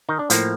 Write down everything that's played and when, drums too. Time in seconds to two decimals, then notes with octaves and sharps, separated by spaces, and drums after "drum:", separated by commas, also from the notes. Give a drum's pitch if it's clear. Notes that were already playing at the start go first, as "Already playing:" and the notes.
0.09 D#3 D#4
0.19 D4
0.30 A2 F3 A#3, drum: hi-hat